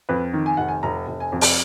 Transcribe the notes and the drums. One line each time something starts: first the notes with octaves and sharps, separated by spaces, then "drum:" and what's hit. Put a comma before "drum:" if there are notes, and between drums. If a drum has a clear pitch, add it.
F2 B4
D#3
G#5
F1 F#5
G#5
F1 A#5
F1
G#5
F2
drum: open hi-hat